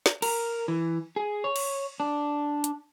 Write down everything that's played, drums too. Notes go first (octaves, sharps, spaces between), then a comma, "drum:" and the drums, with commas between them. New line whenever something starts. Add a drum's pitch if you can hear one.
drum: snare
A#4, drum: cymbal
E3
G#4
C#5
drum: cymbal
D4
drum: hi-hat